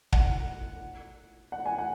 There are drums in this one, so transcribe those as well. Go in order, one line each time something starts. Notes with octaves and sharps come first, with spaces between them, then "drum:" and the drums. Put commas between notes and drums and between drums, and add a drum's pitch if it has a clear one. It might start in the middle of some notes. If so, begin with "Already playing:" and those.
F#5, drum: kick
F#5
G#5
F#5